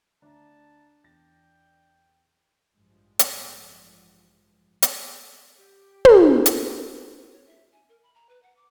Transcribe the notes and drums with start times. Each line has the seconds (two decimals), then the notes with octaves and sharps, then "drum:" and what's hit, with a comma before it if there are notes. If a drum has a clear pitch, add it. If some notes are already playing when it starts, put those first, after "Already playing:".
0.22 D2 D4 E5 A5 A#5
1.04 E2 G5 A6 A#6
2.74 A1 G2 F3 G#3
3.19 drum: hi-hat
4.82 drum: hi-hat
5.59 G4
6.05 drum: tom
6.46 drum: hi-hat
7.32 C#5
7.47 E5
7.72 G#5
7.89 A#4
8.02 B5
8.14 A#5
8.29 B4
8.42 F#5
8.56 D6